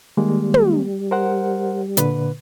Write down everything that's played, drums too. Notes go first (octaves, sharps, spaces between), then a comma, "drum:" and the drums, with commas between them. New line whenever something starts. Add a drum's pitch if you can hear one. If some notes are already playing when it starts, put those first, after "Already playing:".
D#3 G3 G#3 A#3
drum: tom
A#4 C5 F#5
A#2 D3 B4, drum: hi-hat